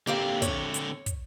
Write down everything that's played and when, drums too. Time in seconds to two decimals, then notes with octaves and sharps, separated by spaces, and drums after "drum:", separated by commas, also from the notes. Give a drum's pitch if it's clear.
0.07 D3 A#3 C4 G4 F5
0.42 C#5, drum: kick, hi-hat
0.74 drum: hi-hat
1.06 drum: kick, hi-hat